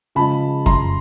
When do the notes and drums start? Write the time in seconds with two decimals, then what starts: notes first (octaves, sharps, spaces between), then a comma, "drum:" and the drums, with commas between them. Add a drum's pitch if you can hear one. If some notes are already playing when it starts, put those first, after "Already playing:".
0.15 C#3 F3 G#3 A5 B5
0.66 A#5 C6, drum: kick F2